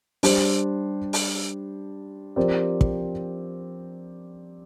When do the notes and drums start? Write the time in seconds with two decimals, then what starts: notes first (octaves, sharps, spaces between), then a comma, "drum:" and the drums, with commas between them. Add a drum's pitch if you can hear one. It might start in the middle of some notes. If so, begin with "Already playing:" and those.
0.23 G3 D4 G4 C5, drum: open hi-hat
1.13 drum: open hi-hat
2.36 F3 C4 G4 A#4 D5
2.81 drum: kick